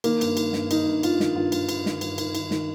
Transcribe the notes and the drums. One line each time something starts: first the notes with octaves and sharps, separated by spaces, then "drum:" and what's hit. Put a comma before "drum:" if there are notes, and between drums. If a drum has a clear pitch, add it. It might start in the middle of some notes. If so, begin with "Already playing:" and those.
D#3 A#3, drum: cymbal
G2, drum: cymbal
D#3, drum: cymbal
G2, drum: snare
D#3 D#4, drum: cymbal
G2
G2 F4, drum: cymbal
D#3, drum: snare
G2 F4
G2, drum: cymbal
G2, drum: cymbal
D#3, drum: snare
G2, drum: cymbal
D#3, drum: cymbal
D#3, drum: cymbal
D#3, drum: snare